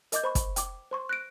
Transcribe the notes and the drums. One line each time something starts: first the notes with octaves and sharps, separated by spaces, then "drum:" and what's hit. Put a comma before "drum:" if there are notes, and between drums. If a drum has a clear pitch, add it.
A#4 D#5 D6 G6, drum: hi-hat
C5 B5 C#6
drum: kick, hi-hat
G5 D6, drum: hi-hat
C5 C6 C#6
F#6 A#6 D7